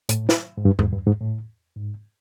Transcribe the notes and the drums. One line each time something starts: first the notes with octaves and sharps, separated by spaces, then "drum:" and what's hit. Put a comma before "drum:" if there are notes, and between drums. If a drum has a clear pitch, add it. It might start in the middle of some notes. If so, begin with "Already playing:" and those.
A2, drum: hi-hat
drum: snare
G#2
G2
G#2, drum: tom E2
G2
G#2
A2
G#2